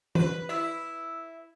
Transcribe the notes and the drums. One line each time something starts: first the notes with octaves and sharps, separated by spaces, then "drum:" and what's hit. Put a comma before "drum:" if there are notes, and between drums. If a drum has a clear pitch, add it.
B4, drum: tom E3
E4 E5 E6